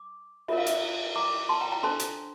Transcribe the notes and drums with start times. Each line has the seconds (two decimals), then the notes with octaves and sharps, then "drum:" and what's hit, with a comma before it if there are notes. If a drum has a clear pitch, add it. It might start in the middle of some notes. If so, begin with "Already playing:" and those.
Already playing: D6
0.48 F4 A#4 E5, drum: cymbal
0.58 F5
0.66 E5, drum: hi-hat
1.16 A#5 D6
1.49 A5 C6
1.61 G5 A#5
1.72 G5 A#5
1.83 D4 A4 C5 A5 C6
1.99 drum: hi-hat